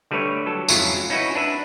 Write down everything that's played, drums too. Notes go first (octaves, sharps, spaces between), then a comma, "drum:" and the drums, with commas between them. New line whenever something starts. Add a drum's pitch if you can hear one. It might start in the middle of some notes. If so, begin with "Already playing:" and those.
D3 G3 A3 B4 C#5
F#3 A4
F2 G#2 C#3 F#3 E4 F4, drum: tambourine
C#4 D#4 E4 F#4 B4
D4 B4 E5